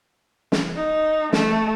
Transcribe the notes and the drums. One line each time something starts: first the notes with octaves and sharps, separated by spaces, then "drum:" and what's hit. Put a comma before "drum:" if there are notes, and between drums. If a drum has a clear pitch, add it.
drum: snare
D#4
A3, drum: snare